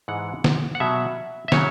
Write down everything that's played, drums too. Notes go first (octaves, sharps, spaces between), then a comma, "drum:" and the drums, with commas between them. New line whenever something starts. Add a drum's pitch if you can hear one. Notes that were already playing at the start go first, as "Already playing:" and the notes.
G#2 E3 G#3 F#5
drum: snare
F#5
B2 F#3 E5
E5
C#3 F#3 C#5, drum: snare